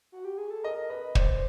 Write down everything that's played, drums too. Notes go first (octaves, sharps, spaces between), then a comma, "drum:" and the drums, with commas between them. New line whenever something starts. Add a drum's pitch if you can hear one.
F#4
G4
G#4
A4
A#4 D#5
B4 D#5
C5 D5, drum: kick